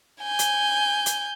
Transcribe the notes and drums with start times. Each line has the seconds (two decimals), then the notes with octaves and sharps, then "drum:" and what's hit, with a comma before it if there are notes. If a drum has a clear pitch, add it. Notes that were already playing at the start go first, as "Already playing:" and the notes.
0.22 G#5 G6
0.39 drum: hi-hat
1.06 drum: hi-hat